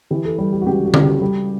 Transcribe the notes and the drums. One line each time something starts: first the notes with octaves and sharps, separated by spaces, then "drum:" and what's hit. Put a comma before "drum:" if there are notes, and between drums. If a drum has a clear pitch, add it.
E3 G4
A4
G3 A4
G4
F#4
C#2 G4
F#4
C#3, drum: tom D3
G4
G3